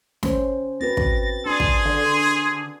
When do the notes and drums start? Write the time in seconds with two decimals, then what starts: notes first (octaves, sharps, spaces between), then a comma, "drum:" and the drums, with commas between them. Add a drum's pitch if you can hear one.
0.23 C#4 C5, drum: snare
0.81 C4 F#4 B4 A6 A#6
0.97 drum: kick
1.46 D4 G#4 C6
1.60 drum: kick
1.85 D3